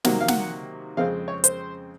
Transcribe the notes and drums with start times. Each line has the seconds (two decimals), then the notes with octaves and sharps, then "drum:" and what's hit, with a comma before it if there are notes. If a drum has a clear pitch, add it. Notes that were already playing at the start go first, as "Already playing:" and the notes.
0.04 C3 D#3 F#3 A#3 F#5, drum: snare
0.20 F5
0.28 F#5, drum: snare
0.97 F2 C#3 G#3 C4 F5
1.28 C#5
1.44 C5, drum: hi-hat